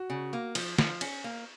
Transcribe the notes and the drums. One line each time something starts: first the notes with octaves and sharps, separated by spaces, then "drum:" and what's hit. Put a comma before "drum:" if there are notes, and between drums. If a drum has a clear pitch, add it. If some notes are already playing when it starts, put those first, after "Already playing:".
Already playing: F#4
C#3
A#3
F3, drum: cymbal
F3, drum: snare
C#4, drum: cymbal
A#3